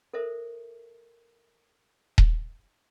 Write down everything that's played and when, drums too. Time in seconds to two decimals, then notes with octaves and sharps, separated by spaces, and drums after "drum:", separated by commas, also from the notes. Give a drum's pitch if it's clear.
0.13 A4 A#4 C5 E5
2.18 drum: kick D#1